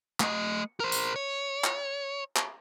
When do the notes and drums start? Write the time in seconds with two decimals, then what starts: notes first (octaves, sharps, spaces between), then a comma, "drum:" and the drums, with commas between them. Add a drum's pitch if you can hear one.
0.20 A3 D#5, drum: clap
0.80 A#4 C5
0.92 drum: tambourine
1.16 C#5
1.64 drum: clap
2.36 drum: clap